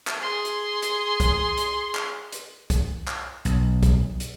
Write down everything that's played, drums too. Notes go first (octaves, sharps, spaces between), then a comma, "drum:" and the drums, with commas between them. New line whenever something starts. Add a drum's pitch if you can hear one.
drum: clap
G#4 C6
drum: hi-hat
drum: hi-hat
drum: kick, hi-hat
drum: hi-hat
drum: clap
drum: hi-hat
drum: kick, hi-hat
drum: clap
B1, drum: hi-hat
drum: kick, hi-hat
drum: hi-hat